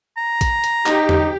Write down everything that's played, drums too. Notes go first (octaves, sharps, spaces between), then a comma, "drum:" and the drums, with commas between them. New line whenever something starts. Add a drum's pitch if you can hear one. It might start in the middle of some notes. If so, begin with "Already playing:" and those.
A#5
drum: kick, hi-hat
drum: hi-hat
D#4 G4, drum: clap
drum: tom E2